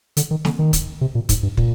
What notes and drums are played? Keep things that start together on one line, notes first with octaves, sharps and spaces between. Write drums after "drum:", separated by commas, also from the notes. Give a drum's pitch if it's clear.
D3, drum: hi-hat
D#3
D3, drum: snare
D#3
drum: kick, hi-hat
C3
A#2
G#2, drum: kick, hi-hat
G2
A#2, drum: kick